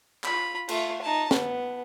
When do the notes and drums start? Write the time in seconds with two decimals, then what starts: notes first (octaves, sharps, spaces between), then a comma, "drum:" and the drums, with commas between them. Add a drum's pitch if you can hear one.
0.24 F4 B5, drum: clap
0.69 A3 F4, drum: cymbal
1.02 D#4 A5
1.31 B3, drum: snare